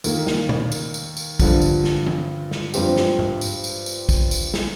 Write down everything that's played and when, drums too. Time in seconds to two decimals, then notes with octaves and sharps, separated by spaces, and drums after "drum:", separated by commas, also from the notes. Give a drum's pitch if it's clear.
0.04 D#2 D#3 A#3, drum: tambourine
0.27 drum: snare
0.49 drum: tom
0.72 drum: tambourine
0.94 drum: tambourine
1.17 drum: tambourine
1.40 G2 D3 F3, drum: kick, tambourine
1.62 drum: tambourine
1.84 drum: snare
2.06 drum: tom
2.51 drum: snare
2.74 G2 F3 C4 G4, drum: tambourine
2.96 drum: snare
3.19 drum: tom G#2
3.41 drum: tambourine
3.64 drum: tambourine
3.86 drum: tambourine
4.09 drum: kick, tambourine
4.31 drum: tambourine
4.54 drum: snare